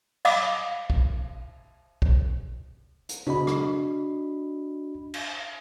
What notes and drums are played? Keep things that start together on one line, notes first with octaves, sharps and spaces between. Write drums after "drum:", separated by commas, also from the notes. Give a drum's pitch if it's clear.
D#5 F5 F#5 B5 D6 D#6, drum: cymbal
drum: kick
drum: kick
drum: hi-hat
D4 F#4 D#5 B5, drum: tom
drum: rim click
drum: cymbal